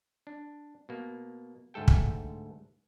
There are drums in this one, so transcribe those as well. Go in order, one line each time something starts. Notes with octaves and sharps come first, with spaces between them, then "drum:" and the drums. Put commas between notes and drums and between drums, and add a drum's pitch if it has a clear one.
D4
B2 A#3
D2 G#2 A3 A4 G5
drum: kick